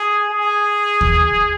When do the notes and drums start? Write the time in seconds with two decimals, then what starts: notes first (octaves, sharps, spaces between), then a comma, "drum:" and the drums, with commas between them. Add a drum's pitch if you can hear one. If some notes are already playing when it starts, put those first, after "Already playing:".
Already playing: G#4
0.29 G#4
1.01 drum: kick D#2